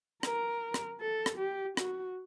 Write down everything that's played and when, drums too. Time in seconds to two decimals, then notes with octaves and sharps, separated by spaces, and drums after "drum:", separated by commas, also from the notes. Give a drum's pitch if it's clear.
0.23 A#4, drum: rim click
0.74 drum: rim click
1.01 A4
1.26 drum: rim click
1.38 G4
1.77 F#4, drum: rim click